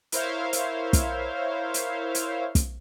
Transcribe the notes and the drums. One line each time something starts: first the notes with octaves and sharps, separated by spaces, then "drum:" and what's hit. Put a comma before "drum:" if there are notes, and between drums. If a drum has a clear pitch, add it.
E4 A#4 C5 C#5 E5 F5, drum: hi-hat
drum: hi-hat
drum: kick, hi-hat
drum: hi-hat
drum: hi-hat
drum: kick, hi-hat